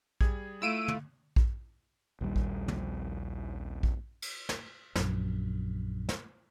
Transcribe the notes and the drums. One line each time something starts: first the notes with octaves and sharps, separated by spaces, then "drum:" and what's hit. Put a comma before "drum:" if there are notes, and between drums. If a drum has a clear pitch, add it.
G3 G#4 G#6, drum: kick A#1
A3 E4 F4 F5 E6 D7 D#7
drum: tom
drum: kick A#1
A#1 D#2 G3
drum: kick A#1
drum: tom
drum: kick A#1
drum: cymbal
drum: snare
A#1 F#2, drum: snare
drum: snare